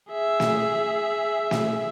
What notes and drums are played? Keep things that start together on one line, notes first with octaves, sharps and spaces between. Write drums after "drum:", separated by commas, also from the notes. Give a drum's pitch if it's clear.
G#4 E5
drum: snare
drum: snare